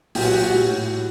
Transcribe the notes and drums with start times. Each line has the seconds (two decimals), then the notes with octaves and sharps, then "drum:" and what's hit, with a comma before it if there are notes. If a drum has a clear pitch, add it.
0.15 A#2 F#3 G4, drum: open hi-hat
0.25 F#4
0.34 G4
0.43 F#4
0.53 A2 F#3